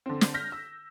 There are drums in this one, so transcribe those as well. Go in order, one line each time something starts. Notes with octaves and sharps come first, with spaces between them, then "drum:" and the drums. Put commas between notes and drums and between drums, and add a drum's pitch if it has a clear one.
D3 C4
drum: snare
F6 G6 A#6 B6
E6